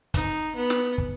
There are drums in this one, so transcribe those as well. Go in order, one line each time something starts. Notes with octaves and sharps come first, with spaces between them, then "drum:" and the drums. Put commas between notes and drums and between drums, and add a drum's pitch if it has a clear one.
D#4, drum: kick, hi-hat
B3
drum: snare
drum: kick